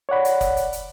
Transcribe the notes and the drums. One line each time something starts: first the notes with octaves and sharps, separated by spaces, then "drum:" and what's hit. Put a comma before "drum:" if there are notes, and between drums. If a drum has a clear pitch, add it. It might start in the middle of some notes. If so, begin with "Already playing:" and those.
C#5 D5 F#5 B5
drum: hi-hat
drum: kick, hi-hat
drum: hi-hat
drum: hi-hat